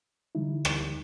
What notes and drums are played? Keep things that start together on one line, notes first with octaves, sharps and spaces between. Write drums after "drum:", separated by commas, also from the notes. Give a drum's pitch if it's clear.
D3 E3 G3 D#4 E4
drum: rim click